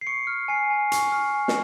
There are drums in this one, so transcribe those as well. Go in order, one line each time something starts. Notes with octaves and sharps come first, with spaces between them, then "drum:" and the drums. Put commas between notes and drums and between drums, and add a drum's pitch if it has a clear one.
C7
C#6 C#7
F6
G#5 C7
G#5
C#6, drum: hi-hat
F6
G#5
drum: snare